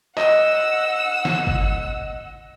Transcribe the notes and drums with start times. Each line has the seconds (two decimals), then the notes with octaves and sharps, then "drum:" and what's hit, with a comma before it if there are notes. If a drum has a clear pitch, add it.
0.17 D#5 F#5 E6, drum: clap
1.25 drum: snare
1.47 drum: kick G1